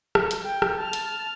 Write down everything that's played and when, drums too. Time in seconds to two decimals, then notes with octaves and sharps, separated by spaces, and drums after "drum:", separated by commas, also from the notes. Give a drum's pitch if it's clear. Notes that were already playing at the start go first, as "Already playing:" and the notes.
0.15 drum: rim click
0.31 drum: hi-hat
0.44 G5
0.62 drum: rim click
0.78 A5 F6
0.93 drum: hi-hat